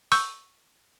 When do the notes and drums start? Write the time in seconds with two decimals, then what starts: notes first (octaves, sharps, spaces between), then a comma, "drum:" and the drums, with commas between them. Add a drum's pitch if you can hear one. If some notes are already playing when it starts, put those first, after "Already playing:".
0.12 C#6 E6 G6, drum: open hi-hat